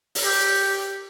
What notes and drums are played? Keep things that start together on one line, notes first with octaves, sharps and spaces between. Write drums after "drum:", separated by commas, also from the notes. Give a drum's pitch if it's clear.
drum: open hi-hat
G4